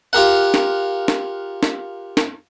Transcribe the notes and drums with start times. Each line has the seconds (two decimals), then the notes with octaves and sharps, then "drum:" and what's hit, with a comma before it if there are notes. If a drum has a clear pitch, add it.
0.13 F4 G4 A#4 F#5
0.54 drum: snare
1.08 drum: snare
1.63 drum: snare
2.17 drum: snare